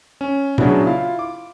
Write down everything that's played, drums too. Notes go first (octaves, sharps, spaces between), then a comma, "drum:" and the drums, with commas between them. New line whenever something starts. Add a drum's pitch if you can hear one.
C#4
C#3 F#3 B3 D4 E4 F#4, drum: tom A#2
E4 F4 F5
D6